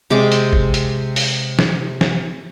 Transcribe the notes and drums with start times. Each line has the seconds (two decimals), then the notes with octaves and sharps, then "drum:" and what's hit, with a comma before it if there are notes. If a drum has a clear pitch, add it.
0.10 C3 G#3 D5 D6
0.32 drum: hi-hat
0.53 drum: kick G#1
0.74 drum: hi-hat
1.16 drum: open hi-hat
1.59 drum: snare
2.01 drum: snare